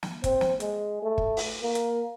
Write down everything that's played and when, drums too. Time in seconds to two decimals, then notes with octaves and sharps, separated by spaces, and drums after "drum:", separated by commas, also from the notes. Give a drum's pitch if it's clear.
0.03 drum: snare
0.24 C4, drum: kick, hi-hat
0.41 drum: snare
0.60 G#3, drum: hi-hat
1.02 A3
1.18 drum: kick
1.37 drum: open hi-hat
1.62 A#3
1.75 drum: hi-hat